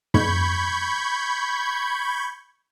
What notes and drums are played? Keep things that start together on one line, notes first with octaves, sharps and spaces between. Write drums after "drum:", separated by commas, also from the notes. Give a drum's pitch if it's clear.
B5 C#6 G6 G#6, drum: tom